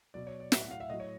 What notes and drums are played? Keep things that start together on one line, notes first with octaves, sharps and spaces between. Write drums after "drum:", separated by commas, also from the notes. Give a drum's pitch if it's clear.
B2 F#3 D5
C#5
D5
A2 F#3 E5, drum: snare
F#5
F5
E5
A2 F#3 D#5
C#5